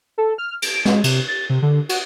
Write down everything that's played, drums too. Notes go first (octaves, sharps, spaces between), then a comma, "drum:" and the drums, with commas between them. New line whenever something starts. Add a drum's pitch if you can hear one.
A4
F6
D7, drum: cymbal
G#3, drum: snare
C3, drum: cymbal
A6
C3
D3
F#4, drum: cymbal